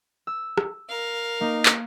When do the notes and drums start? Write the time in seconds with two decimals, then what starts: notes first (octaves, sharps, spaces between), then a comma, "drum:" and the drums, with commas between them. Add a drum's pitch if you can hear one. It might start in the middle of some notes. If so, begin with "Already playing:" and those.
0.27 E6
0.58 drum: rim click
0.89 A#4 F5
1.41 A#3 D#4
1.66 drum: clap